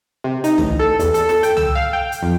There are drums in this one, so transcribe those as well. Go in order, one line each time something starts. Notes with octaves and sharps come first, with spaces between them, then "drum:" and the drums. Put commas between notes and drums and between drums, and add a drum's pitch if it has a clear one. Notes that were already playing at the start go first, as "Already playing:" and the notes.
C3
D#4, drum: hi-hat
A1, drum: tom
A4
E2, drum: hi-hat
A4, drum: hi-hat
A4, drum: snare
G5, drum: hi-hat
E6, drum: tom
F5
G5
drum: hi-hat
F2